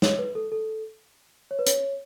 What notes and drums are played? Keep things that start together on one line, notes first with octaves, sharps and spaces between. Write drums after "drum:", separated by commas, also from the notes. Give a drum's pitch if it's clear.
C#5, drum: snare
B4
A4
A4
C#5
B4
C#5, drum: hi-hat